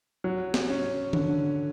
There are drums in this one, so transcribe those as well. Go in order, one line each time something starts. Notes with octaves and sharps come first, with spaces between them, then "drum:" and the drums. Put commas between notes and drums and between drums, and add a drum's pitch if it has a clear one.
F#3
drum: snare
C#4
D3, drum: tom D#3